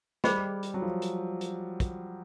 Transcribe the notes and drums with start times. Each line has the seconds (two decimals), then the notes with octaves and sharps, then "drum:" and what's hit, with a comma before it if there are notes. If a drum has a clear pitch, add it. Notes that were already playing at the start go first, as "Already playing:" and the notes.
0.24 G3 G#4 C5 D#5 G5 B5, drum: snare
0.63 drum: hi-hat
0.74 F#3
0.82 F3
1.02 drum: hi-hat
1.41 drum: hi-hat
1.80 drum: kick, hi-hat